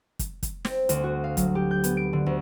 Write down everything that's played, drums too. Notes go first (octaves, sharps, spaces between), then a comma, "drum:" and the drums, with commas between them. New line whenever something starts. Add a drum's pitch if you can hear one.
drum: kick, hi-hat
drum: kick, hi-hat
C4, drum: snare
D2, drum: hi-hat
F#4
F5
F#3, drum: kick, hi-hat
G4
G6
B3, drum: hi-hat
D7
D3
D2